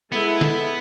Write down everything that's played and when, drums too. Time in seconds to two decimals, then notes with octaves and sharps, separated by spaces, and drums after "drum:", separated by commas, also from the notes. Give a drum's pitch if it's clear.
0.12 G#3 B3 E4 A4
0.41 drum: snare